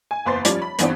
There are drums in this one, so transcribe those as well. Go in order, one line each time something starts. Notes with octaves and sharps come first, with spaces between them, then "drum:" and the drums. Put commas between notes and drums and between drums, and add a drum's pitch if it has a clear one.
G#5
F#1 E2 B4 C5 C6 A6
F3 G3 C#4 C#5 D5, drum: hi-hat
B5
G2 E3 B3 C4 D4, drum: hi-hat